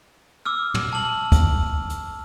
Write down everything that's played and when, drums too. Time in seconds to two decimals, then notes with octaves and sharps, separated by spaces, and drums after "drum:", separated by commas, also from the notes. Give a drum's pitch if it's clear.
0.45 D6 E6 F6
0.74 drum: tom
0.93 A5 F#7
1.32 drum: kick, hi-hat
1.90 drum: hi-hat